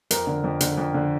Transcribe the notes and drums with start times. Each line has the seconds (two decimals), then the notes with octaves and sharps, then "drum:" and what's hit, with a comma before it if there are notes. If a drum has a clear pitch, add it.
0.11 F2 A#4, drum: hi-hat
0.27 D3
0.44 F2
0.61 D3, drum: hi-hat
0.78 F2
0.94 D3